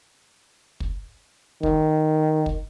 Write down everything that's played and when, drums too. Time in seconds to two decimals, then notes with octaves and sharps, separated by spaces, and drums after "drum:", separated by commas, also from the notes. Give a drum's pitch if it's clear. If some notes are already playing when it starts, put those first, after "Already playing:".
0.80 drum: kick
1.63 D#3, drum: kick
2.46 drum: kick